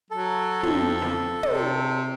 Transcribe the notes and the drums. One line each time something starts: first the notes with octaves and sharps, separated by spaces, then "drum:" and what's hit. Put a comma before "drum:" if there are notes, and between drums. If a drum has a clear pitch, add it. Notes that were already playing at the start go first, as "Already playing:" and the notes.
F#3 A4
F2, drum: tom
drum: snare
C3, drum: tom